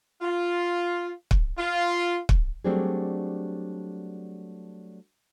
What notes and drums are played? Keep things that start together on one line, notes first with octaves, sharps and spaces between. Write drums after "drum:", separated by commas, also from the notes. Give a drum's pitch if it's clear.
F4
drum: kick
F4
drum: kick
F#3 G3 A3 C4 D4 G#4